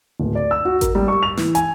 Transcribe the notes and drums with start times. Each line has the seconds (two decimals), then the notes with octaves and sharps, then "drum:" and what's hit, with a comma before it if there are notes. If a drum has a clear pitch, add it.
0.20 D1
0.35 D5
0.51 E6
0.65 F#4
0.81 A#4, drum: kick G#1, hi-hat
0.95 G3
1.08 C#6
1.23 F7
1.37 E3, drum: snare
1.55 G#5, drum: hi-hat